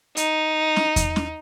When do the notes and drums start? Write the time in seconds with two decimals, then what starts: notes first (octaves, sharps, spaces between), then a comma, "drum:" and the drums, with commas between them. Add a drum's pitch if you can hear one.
0.17 D#4, drum: hi-hat
0.76 drum: snare
0.96 drum: kick E2, hi-hat
1.16 drum: snare